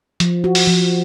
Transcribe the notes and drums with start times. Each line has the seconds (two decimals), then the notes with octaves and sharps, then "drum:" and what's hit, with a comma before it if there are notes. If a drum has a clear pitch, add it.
0.20 F3, drum: hi-hat
0.44 F#4
0.55 drum: open hi-hat
0.67 F3